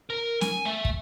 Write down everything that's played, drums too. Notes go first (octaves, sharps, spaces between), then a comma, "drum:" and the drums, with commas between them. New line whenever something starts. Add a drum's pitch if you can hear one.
A#4
G#5, drum: snare
A3 E5
drum: kick